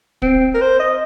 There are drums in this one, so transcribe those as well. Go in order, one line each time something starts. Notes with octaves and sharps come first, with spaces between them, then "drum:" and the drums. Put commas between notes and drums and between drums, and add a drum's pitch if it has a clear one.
C4, drum: kick
A#4
C5
D#5